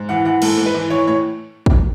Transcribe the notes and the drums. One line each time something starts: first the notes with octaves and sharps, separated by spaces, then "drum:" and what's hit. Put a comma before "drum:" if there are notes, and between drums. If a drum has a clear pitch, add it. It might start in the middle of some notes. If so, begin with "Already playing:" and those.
Already playing: G#2
E3 F#5
E3 F#5
G#2 A4, drum: cymbal
G#2
B4
E3
E3 C#5
A2 C#5
drum: kick